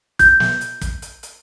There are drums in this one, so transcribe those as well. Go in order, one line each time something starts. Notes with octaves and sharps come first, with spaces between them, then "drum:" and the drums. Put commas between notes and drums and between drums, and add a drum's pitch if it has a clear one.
G6, drum: kick, hi-hat
drum: snare
drum: hi-hat
drum: kick, hi-hat
drum: hi-hat
drum: hi-hat